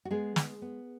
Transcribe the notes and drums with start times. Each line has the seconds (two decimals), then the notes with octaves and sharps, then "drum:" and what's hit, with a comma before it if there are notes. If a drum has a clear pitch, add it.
0.05 F#4
0.11 G#3 B3 G#4
0.36 G#3, drum: snare
0.62 B3